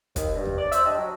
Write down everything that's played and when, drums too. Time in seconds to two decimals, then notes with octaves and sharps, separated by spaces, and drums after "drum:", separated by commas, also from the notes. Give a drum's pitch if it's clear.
0.16 D#2, drum: kick, hi-hat
0.35 G2
0.45 drum: tom D#2
0.58 D5
0.72 C5 E6, drum: hi-hat
0.86 D4 G4 D#5
0.98 F#3